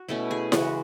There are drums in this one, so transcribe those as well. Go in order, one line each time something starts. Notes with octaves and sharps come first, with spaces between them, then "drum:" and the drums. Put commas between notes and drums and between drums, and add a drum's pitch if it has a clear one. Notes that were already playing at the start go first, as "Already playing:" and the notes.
Already playing: F#4
B2 A3 C#4 E4
G#4
C#3 E3 G#3 F#4, drum: snare E4